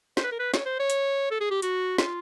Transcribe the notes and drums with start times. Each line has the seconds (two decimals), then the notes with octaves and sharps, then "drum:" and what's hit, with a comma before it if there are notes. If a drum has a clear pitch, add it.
0.17 C5, drum: snare
0.24 B4
0.32 A#4
0.39 B4
0.54 C#5, drum: snare
0.66 C5
0.79 C#5
0.90 drum: hi-hat
1.31 A4
1.40 G#4
1.51 G4
1.62 F#4, drum: hi-hat
1.98 F4, drum: snare